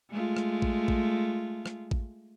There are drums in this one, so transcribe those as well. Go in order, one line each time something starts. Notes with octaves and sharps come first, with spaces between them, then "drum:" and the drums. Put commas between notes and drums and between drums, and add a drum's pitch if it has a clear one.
G#3 A3 F4
drum: rim click
drum: kick A1
drum: kick A1
drum: rim click
drum: kick A1